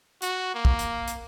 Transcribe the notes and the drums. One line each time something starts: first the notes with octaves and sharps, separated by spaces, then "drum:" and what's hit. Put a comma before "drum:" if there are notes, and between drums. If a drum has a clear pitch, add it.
F#4, drum: hi-hat
A#3
drum: kick
drum: hi-hat
drum: hi-hat